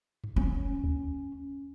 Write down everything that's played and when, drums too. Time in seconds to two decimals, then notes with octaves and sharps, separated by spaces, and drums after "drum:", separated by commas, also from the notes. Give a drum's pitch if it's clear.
0.24 drum: tom G2
0.36 C#4
0.84 drum: kick D2